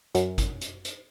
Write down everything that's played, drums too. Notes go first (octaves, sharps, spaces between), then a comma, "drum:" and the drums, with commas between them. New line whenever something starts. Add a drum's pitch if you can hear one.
F#2, drum: hi-hat
drum: kick, hi-hat
drum: hi-hat
drum: hi-hat